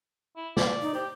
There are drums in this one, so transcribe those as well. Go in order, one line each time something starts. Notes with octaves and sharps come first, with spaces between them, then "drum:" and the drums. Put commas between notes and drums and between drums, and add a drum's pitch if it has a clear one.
E4
D5, drum: snare
D#4
G4 C5